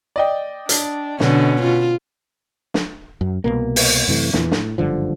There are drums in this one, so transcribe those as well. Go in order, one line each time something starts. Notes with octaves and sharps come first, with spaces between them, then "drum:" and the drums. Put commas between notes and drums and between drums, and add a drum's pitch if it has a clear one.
D5 D#5 G5
D4, drum: hi-hat
B2 D3 C#4, drum: snare
F4
drum: snare
F#2
C2 G2 B2 A#3
drum: open hi-hat
F#2 C3 E3 A3
E2 A#2 E3, drum: snare
A2, drum: snare
F#1 G2 D3 F3